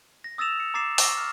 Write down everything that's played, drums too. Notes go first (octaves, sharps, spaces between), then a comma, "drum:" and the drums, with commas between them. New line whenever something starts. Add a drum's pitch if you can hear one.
A#6
D#6 E6 A6 A#6 E7 F7
C#7
A#5 D6 A6 C7 E7
C#6 D6 E6 A#6 C7, drum: open hi-hat
F6